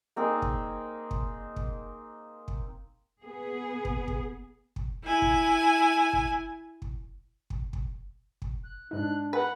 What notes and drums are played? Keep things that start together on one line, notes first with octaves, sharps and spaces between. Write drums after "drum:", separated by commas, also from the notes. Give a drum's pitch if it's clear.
A#3 C4 D#4 G#4
drum: kick
drum: kick
drum: kick
drum: kick
B3 G#4
drum: kick
drum: kick
drum: kick
E4 G#5
drum: kick
drum: kick
drum: kick
drum: kick
drum: kick
drum: kick
F#6
G#2 D4 D#4 F#6
B4 F#5